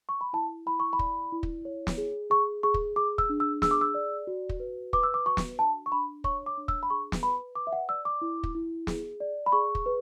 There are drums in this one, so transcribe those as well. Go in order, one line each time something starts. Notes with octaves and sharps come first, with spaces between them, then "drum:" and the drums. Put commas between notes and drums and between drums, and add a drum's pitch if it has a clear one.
C#6
B5
E4 A5
E4 B5
C#6
B5
D5, drum: kick
E4
drum: kick
C#5
drum: snare
G#4
G#4 C#6
G#4 C#6
drum: kick
G#4 D6
E6, drum: kick
D4
E6
G#4 E6, drum: snare
D6
E6
D5
F#4
drum: kick
B4
B4 D6, drum: kick
E6
D6
F#4 C#6
drum: snare
D4 A5
C#6
D4 B5
C#5 C#6, drum: kick
D6
D4
E6, drum: kick
B5
G#4 C#6
drum: snare
B4 B5
B4 D6
E5
F#5
D5 E6
D6
E4
drum: kick
E4
G#4, drum: snare
D5
B5
G#4 C#6
drum: kick
B4